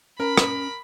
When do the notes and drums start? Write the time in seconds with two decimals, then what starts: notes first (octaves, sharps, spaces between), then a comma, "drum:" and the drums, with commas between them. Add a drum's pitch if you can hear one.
0.20 C#4 A#4 B5
0.38 drum: rim click